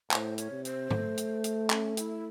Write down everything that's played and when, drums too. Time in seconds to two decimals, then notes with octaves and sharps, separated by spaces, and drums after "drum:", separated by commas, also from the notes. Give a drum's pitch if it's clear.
0.11 A2 C5, drum: clap
0.38 C#5, drum: hi-hat
0.51 C3
0.65 C5, drum: hi-hat
0.91 A3, drum: tom
1.17 drum: hi-hat
1.44 drum: hi-hat
1.70 C#4, drum: clap
1.97 E4, drum: hi-hat